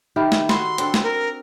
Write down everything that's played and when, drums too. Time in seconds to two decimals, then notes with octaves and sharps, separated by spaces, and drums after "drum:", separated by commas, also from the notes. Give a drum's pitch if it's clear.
0.16 D#3 D#4 G4 A#4 E5 B5
0.32 drum: snare
0.49 F#4 A4 B5 C6, drum: snare
0.78 C4 D4 A4, drum: hi-hat
0.94 drum: snare
1.03 A#4